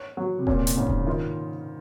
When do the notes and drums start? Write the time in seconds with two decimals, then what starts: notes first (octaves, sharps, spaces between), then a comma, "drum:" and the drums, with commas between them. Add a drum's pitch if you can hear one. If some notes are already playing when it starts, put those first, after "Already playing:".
Already playing: C#5
0.17 F#3
0.39 C3
0.47 A#2 C#4, drum: kick D#1
0.67 drum: hi-hat
0.76 G#2 C#3
0.87 drum: kick D#1
1.07 D#3 F4